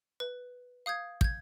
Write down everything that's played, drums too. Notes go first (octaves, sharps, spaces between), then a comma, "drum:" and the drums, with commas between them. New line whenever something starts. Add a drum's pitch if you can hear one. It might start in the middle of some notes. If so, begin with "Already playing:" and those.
B4
F5 D#6 G6 G#6
G6 G#6, drum: kick